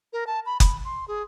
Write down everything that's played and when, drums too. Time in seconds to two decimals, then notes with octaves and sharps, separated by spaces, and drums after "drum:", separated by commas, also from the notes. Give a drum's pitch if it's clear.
0.13 A#4
0.27 A5
0.46 B5
0.60 B5, drum: kick F#1, hi-hat
0.85 C6
1.08 G#4